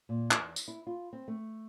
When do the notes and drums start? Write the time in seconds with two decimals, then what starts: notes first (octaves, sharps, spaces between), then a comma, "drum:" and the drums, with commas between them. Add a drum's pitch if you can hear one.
0.09 A#2
0.31 E2, drum: clap
0.56 drum: tambourine
0.68 E4
0.87 F4
1.13 C4
1.28 A3